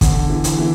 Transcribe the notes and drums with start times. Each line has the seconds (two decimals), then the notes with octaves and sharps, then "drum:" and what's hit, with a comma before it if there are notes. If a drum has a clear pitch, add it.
0.01 D3, drum: kick, hi-hat
0.30 E3
0.44 drum: hi-hat
0.59 E3